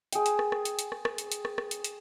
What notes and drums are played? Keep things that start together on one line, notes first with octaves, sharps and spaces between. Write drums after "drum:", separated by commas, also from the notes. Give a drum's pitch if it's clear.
G#4 G5, drum: hi-hat
drum: hi-hat
drum: rim click
drum: rim click
drum: hi-hat
drum: hi-hat
drum: rim click
drum: rim click
drum: hi-hat
drum: hi-hat
drum: rim click
drum: rim click
drum: hi-hat
drum: hi-hat